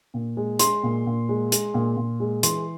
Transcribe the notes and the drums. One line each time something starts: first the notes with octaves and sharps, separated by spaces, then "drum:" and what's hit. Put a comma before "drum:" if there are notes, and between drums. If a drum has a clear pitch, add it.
A#2
G#3
G#3 C6, drum: hi-hat
A#2
A#2
G#3
G#3, drum: hi-hat
A#2
A#2
G#3
E3 C6, drum: hi-hat